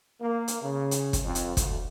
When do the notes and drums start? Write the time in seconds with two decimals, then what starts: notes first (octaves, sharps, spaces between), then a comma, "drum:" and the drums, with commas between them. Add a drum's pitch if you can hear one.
0.21 A#3
0.48 drum: hi-hat
0.62 C#3
0.91 drum: hi-hat
1.13 drum: kick, hi-hat
1.24 F2
1.35 drum: hi-hat
1.57 D2, drum: kick, hi-hat